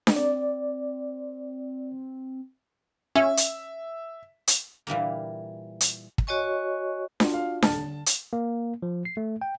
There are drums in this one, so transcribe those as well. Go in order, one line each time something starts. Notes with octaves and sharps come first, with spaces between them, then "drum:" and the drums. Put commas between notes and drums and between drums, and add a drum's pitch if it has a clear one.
drum: snare D4
C4 D5
C#4 E5
drum: hi-hat
drum: hi-hat
A#2 E3 G3 A#3
drum: hi-hat
drum: kick
F#4 C#5 D#5 G#5 C#6
D4 F4 F#4, drum: snare D4
F5
D#1 A5 F6, drum: snare D4
D3
drum: hi-hat
A#3
F3
C7
A3
G5